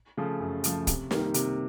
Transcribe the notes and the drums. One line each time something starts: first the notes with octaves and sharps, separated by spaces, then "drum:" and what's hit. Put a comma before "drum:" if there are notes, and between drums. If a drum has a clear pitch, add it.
C#3 F3 A3
F#2
C#3 F3 A3, drum: hi-hat
C3, drum: kick, hi-hat
D#3 G3 A#3, drum: snare
C3, drum: hi-hat